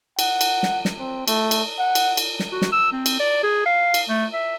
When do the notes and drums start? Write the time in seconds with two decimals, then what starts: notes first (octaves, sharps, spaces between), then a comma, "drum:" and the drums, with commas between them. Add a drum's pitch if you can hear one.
0.19 F#5, drum: cymbal
0.41 drum: cymbal
0.63 drum: snare
0.85 drum: snare
0.99 C4
1.28 A3, drum: cymbal
1.51 drum: cymbal
1.79 F#5
1.95 drum: cymbal
2.17 drum: cymbal
2.40 drum: snare
2.52 F#4
2.62 drum: snare
2.72 E6
2.92 C4
3.06 drum: cymbal
3.20 D5
3.43 G#4
3.66 F5
3.94 drum: cymbal
4.09 A3
4.33 E5